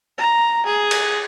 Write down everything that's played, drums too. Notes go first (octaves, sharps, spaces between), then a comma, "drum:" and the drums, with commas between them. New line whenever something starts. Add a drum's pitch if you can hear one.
A#5
G#4
drum: cymbal